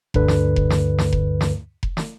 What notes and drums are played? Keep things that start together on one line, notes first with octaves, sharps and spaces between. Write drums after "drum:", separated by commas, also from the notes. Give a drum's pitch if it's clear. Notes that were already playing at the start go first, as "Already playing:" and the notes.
D2 G2 D3 B4, drum: kick F1
drum: snare
drum: kick F1
drum: snare
drum: snare
drum: kick F1
drum: snare
drum: kick F1
drum: snare